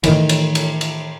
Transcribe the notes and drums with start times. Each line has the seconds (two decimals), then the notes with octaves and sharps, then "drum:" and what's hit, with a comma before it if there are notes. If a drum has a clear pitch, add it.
0.04 A2 D#3 E3, drum: cymbal
0.29 drum: cymbal
0.55 drum: cymbal
0.81 drum: cymbal